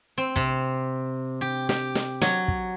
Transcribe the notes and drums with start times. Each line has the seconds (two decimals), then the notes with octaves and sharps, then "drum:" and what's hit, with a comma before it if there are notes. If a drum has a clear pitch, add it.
0.18 C4
0.36 C3, drum: kick
1.41 G4
1.69 G4, drum: snare
1.95 drum: snare
2.22 F#3, drum: snare
2.48 drum: kick